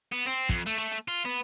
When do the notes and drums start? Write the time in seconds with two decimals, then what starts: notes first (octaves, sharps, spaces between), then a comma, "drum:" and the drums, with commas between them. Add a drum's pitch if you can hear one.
0.12 B3
0.27 C4
0.49 F2, drum: kick, hi-hat
0.67 A3
0.79 A3
0.91 drum: hi-hat
1.08 F4
1.25 B3